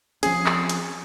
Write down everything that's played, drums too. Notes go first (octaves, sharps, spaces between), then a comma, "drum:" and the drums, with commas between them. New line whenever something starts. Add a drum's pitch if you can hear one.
F3 C4 C#4 G#4, drum: hi-hat
drum: clap
drum: hi-hat